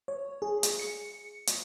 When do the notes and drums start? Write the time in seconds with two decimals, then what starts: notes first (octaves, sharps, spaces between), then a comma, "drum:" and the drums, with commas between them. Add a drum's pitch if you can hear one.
0.08 C#5
0.42 G#4
0.63 drum: hi-hat
0.79 C#7
1.47 drum: hi-hat